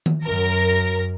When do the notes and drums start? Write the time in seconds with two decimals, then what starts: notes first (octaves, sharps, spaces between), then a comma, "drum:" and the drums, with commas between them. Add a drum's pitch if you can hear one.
0.06 drum: tom D#3
0.23 F#2 A#4 A#6